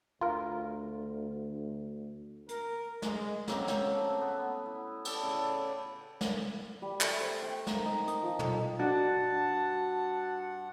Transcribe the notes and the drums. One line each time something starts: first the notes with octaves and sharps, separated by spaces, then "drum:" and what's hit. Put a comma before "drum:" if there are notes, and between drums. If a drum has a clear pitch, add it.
D2 F4 A#4
A#4, drum: hi-hat
G#3, drum: snare
C#3 F#3 A#3 C4, drum: snare
drum: snare
A3
B3
E4
G4 A4 D5, drum: cymbal
A2 C#3 E5 D6
drum: snare
G3
A3, drum: clap
C5
G5
A#4, drum: snare
D#4
D#6, drum: hi-hat
F3
A4, drum: tom
G2 D4 F#4 F#5 A5